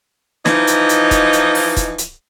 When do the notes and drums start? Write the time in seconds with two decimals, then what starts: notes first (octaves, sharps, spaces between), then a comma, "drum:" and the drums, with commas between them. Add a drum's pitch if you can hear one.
0.46 E3 F3 D#4, drum: snare
0.67 drum: hi-hat
0.89 drum: hi-hat
1.11 drum: kick, hi-hat
1.33 drum: hi-hat
1.55 drum: open hi-hat
1.77 drum: kick, hi-hat
1.98 drum: hi-hat